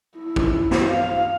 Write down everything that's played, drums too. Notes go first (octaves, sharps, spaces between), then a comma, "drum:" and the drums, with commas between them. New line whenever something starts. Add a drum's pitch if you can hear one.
E4
drum: kick
drum: snare
F5